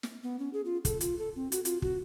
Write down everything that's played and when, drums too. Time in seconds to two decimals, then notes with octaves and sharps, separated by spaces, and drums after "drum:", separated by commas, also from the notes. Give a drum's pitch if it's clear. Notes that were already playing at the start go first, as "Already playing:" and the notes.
0.03 drum: snare
0.23 B3
0.39 C#4
0.53 G#4
0.65 F4
0.85 A4, drum: kick, hi-hat
1.01 F4, drum: hi-hat
1.19 A4
1.36 C4
1.52 F#4, drum: hi-hat
1.65 F4, drum: hi-hat
1.82 F#4, drum: kick